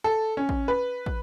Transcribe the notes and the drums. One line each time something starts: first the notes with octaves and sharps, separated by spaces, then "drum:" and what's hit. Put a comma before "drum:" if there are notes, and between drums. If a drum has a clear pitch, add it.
A4
C#4
drum: kick
B4
drum: kick